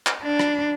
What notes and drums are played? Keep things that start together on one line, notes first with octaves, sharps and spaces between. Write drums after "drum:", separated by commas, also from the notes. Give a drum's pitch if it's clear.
drum: clap
D4
drum: rim click